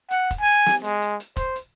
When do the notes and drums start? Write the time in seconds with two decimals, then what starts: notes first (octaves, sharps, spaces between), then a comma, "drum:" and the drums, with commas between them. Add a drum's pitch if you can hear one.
0.11 F#5, drum: hi-hat
0.31 drum: kick F1, hi-hat
0.41 G#5
0.66 drum: snare
0.84 G#3, drum: hi-hat
1.02 drum: hi-hat
1.20 drum: hi-hat
1.37 C5, drum: kick F1, hi-hat
1.56 drum: hi-hat